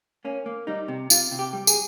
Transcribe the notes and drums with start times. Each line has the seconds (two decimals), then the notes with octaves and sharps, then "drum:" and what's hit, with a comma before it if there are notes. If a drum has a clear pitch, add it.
0.25 A#3 C#4
0.46 A#3
0.67 G3 D#4
0.88 C3
1.10 C3 F4, drum: tambourine
1.32 C3
1.39 G4
1.53 G3
1.67 G#4, drum: tambourine